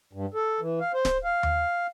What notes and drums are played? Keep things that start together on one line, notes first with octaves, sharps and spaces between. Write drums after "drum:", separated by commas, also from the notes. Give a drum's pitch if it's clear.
G2
A4
E3
F5
C5
drum: snare D1
F5
drum: tom D#2